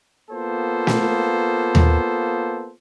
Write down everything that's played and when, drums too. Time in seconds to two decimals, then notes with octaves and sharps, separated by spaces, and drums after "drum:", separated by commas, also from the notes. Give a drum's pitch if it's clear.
0.31 A#3 B3 F4 A4 C5
0.87 drum: snare
1.75 drum: tom D#2